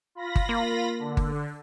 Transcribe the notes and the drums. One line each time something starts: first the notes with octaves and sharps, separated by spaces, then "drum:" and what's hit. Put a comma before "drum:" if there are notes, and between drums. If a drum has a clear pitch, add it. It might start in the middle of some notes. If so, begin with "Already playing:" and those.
F4 B5 A#6
drum: kick G1
A#3
D3
drum: kick G1